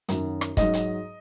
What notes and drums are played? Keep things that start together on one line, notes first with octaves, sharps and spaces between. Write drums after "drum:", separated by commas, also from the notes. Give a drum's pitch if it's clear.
F#2 D#3 F#3, drum: hi-hat
drum: rim click
G#2 F#3 D#5, drum: kick, hi-hat
drum: hi-hat